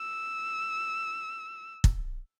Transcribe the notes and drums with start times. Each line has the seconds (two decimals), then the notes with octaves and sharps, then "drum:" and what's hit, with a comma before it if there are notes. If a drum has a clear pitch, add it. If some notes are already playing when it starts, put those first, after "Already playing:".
Already playing: E6
1.84 drum: kick